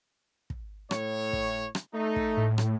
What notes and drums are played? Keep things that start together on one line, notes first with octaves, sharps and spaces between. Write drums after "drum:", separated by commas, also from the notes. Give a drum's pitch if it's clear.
drum: kick
A2 C#5, drum: rim click
drum: kick
drum: rim click
A3 D#4
drum: kick
A2
drum: rim click